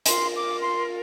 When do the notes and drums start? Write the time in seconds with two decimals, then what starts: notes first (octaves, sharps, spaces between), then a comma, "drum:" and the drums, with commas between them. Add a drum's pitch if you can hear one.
0.06 F4 A#4 C6, drum: hi-hat
0.35 D6
0.63 C6